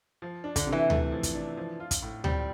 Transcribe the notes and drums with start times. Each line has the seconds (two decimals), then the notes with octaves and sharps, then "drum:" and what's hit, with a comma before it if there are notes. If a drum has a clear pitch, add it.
0.22 F3
0.44 D4
0.56 D3, drum: kick, hi-hat
0.67 C3
0.72 E3
0.90 A3, drum: tom D2
1.12 F3
1.23 drum: kick, hi-hat
1.35 D4
1.57 F3
1.80 F4
1.91 drum: kick, hi-hat
2.02 A2
2.24 G3 C4, drum: tom D2